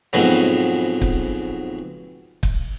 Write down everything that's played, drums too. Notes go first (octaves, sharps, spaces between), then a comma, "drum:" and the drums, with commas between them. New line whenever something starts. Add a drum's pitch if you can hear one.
F2 G#2 B2 F#3
drum: kick
drum: kick